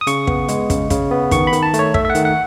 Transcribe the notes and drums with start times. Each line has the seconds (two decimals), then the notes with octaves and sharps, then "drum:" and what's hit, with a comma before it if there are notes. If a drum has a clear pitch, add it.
0.01 D#6
0.07 C#3 C#6, drum: hi-hat
0.27 B3, drum: kick
0.48 G#3, drum: hi-hat
0.70 C#3, drum: kick, hi-hat
0.90 C#3, drum: kick, hi-hat
1.11 B3
1.31 D#3 C#6, drum: kick, hi-hat
1.47 B5
1.53 D#3, drum: hi-hat
1.63 A5
1.74 A3, drum: hi-hat
1.79 C#5
1.94 A3 E5, drum: kick
2.05 E5
2.10 F#5
2.15 D#3, drum: hi-hat
2.25 F#5